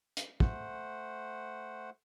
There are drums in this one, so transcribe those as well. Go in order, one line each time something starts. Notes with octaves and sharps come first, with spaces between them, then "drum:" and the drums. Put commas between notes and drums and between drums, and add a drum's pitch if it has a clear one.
drum: hi-hat
A3 C5 F#5, drum: kick